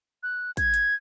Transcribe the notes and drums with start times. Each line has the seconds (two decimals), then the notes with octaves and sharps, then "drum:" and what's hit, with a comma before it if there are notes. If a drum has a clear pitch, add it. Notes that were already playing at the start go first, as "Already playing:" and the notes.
0.23 F#6
0.57 G#6, drum: kick, hi-hat
0.74 drum: hi-hat